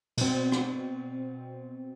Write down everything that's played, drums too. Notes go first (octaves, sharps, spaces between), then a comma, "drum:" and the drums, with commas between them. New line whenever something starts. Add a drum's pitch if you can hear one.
B2 C4, drum: cymbal
drum: rim click